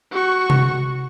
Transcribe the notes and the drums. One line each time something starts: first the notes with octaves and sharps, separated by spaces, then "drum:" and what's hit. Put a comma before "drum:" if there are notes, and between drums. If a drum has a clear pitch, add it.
F#4 C#6
drum: tom C3